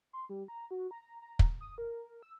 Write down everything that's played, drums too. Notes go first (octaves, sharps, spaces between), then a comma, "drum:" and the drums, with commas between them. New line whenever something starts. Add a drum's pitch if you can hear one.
C6
G3
A#5
F#4
A#5
A#5
drum: kick
D#6
A#4
E6